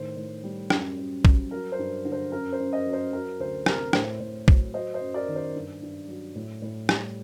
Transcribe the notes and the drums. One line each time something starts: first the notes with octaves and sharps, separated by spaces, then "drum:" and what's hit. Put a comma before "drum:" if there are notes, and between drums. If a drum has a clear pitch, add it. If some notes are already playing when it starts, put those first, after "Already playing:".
Already playing: A2 D#3 C5
A2
G3
F#2, drum: rim click
F#2
F#3, drum: kick
F#3 A#4
C5
G2
D3
C5
F#2 A#4
C5
F#2
C5 D#5
F#3
C5
F#3 A#4
D2 C5
C3 A#4, drum: rim click
A2 C5, drum: rim click
A2
F#3, drum: kick
F#3 C5 D#5
C5 D#5
F#2
A#4 D5
D#3
C5
G2
G2
F#3
A2
A2
G3, drum: rim click